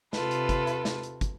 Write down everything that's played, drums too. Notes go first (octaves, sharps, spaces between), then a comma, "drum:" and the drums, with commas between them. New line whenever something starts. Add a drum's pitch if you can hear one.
C3 F4 A4 B4, drum: snare
drum: hi-hat
drum: kick, hi-hat
drum: hi-hat
drum: snare
drum: hi-hat
drum: kick, hi-hat